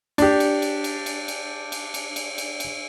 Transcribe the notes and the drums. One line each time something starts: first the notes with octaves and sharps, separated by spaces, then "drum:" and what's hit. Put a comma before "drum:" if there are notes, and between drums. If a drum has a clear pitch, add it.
D4 G4, drum: cymbal
drum: cymbal
drum: cymbal
drum: cymbal
drum: cymbal
drum: cymbal
drum: cymbal
drum: cymbal
drum: cymbal
drum: cymbal
drum: cymbal